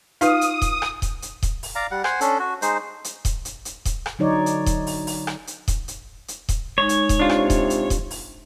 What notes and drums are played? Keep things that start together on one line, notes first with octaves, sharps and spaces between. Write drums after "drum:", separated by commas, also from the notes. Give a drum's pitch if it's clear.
D#4 F4 B4 F5 D#6, drum: hi-hat
drum: hi-hat
drum: kick D#1, hi-hat
drum: rim click
drum: kick D#1, hi-hat
drum: hi-hat
drum: kick D#1, hi-hat
drum: open hi-hat
D5 F5 A#5
G3 F#5
C5 F#5 G#5, drum: rim click
C#4 D4 A4, drum: hi-hat
F#4
G#3 D#4 C5, drum: hi-hat
drum: hi-hat
drum: kick D#1, hi-hat
drum: hi-hat
drum: hi-hat
drum: kick D#1, hi-hat
drum: rim click
D3 F#3 D#4 C#5 D5
drum: hi-hat
drum: kick D#1, hi-hat
drum: open hi-hat
drum: open hi-hat
drum: rim click
drum: hi-hat
drum: kick D#1, hi-hat
drum: hi-hat
drum: hi-hat
drum: kick D#1, hi-hat
G#3 D#4 C#5
drum: hi-hat
drum: kick D#1, hi-hat
C3 D4 F4
drum: rim click
drum: kick D#1, hi-hat
drum: hi-hat
drum: kick D#1, hi-hat
drum: open hi-hat